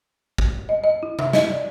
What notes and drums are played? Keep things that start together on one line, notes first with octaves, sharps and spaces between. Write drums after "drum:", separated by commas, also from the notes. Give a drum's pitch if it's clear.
drum: kick
D#5
D#5
E4
E5, drum: tom C3
D#5, drum: snare
D5